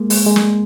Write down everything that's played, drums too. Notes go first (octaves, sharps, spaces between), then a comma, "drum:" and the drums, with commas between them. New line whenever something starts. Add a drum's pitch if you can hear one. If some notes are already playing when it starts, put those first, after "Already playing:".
Already playing: G#3 A#3
G#3, drum: open hi-hat
G#3
drum: snare